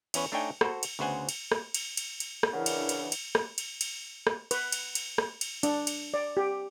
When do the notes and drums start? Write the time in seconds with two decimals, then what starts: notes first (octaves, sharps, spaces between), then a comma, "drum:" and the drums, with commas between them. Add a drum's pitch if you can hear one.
0.14 E2 C#4 B4 C#5, drum: cymbal
0.32 A3 D4 D#4 C#5 G5 G#5
0.61 F#4 A4 C5, drum: rim click
0.83 drum: cymbal
0.99 D2 C#3 B3 C5 F#5 G#5
1.29 drum: cymbal
1.52 drum: rim click
1.74 drum: cymbal
1.97 drum: cymbal
2.20 drum: cymbal
2.43 drum: rim click
2.53 C#3 E3 D4 A#4 F#5
2.66 drum: cymbal
2.89 drum: cymbal
3.12 drum: cymbal
3.35 drum: rim click
3.58 drum: cymbal
3.81 drum: cymbal
4.27 drum: rim click
4.51 B4, drum: cymbal
4.72 drum: cymbal
4.95 drum: cymbal
5.18 drum: rim click
5.41 drum: cymbal
5.63 D4, drum: cymbal
5.87 drum: cymbal
6.14 D5
6.37 G4